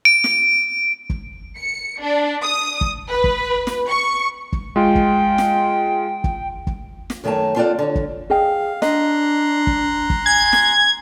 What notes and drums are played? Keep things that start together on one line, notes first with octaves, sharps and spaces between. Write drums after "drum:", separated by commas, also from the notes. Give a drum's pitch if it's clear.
D7
drum: snare
drum: kick
C#7
D4
D#6
drum: kick
B4
drum: kick
drum: snare
C#6
drum: kick
G#3 F4 G5
drum: kick
drum: snare
drum: kick
drum: kick
drum: snare
F#2 D#3 A3 F4 C#5 A5
C4 F4 A4 D5 F#5
D3 C#5
drum: kick
G#4 D#5 F5 G5
D4 D#5 A#5 C6 F#6, drum: snare
drum: kick
drum: kick
G#5 G#6
drum: snare